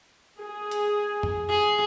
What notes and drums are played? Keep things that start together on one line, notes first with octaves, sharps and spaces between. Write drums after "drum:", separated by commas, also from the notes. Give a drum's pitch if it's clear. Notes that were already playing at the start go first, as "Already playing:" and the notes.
G#4
drum: hi-hat
drum: tom F2
G#4